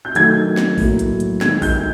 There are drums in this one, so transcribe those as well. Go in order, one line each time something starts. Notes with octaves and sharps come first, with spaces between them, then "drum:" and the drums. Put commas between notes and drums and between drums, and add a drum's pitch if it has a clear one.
G6
D#3 F#3 A3 G#6, drum: hi-hat
drum: snare
A2 F#3 A#3, drum: kick A#1, open hi-hat
drum: hi-hat
drum: hi-hat
D#3 G#3 G#6, drum: snare
G6, drum: kick A#1, open hi-hat